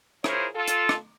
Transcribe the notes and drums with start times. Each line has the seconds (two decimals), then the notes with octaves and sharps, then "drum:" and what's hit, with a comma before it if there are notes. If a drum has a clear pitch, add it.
0.24 E4 F4 G#4 A#4 C5 C#5, drum: rim click
0.55 F4 A4
0.68 drum: hi-hat
0.89 drum: rim click